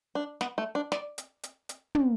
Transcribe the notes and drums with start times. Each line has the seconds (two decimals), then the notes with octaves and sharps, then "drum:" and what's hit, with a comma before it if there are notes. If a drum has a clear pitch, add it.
0.15 D4
0.41 B3, drum: snare
0.58 A3
0.75 D4
0.92 D5, drum: snare
1.18 drum: hi-hat
1.43 drum: hi-hat
1.69 drum: hi-hat
1.95 drum: tom